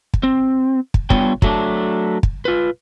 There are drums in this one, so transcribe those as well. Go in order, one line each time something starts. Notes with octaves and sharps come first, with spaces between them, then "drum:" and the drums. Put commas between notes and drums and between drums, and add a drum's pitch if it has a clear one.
drum: kick
C4
drum: kick
G3 B3 D4 F4 C#5 G5, drum: kick
F#3 A3 D4, drum: kick
drum: kick
F4 B4